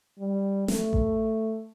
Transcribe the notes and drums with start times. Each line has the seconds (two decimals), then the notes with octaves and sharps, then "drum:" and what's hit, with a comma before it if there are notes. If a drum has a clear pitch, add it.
0.19 G3
0.68 A3, drum: snare
0.93 drum: kick A1